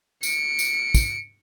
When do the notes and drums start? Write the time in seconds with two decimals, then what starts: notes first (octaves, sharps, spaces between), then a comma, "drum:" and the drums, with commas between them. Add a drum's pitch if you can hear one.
0.23 C#7 D7, drum: tambourine
0.59 drum: tambourine
0.94 drum: kick, tambourine